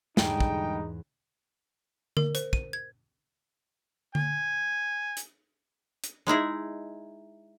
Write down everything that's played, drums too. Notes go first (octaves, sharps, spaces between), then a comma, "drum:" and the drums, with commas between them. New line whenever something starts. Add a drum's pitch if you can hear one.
E2 G#2 D3 G3 G#3 D#4 G5, drum: snare
drum: kick
A#4, drum: tom D3
C5, drum: hi-hat
D#7, drum: kick
G#6
G#5, drum: tom D3
drum: hi-hat
drum: hi-hat
G#3 D#4 E4 G#4